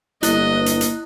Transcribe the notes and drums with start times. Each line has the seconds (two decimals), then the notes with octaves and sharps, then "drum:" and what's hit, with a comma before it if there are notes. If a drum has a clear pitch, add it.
0.23 G1 A#3 E4 D#5 F#6, drum: hi-hat
0.66 drum: hi-hat
0.81 drum: hi-hat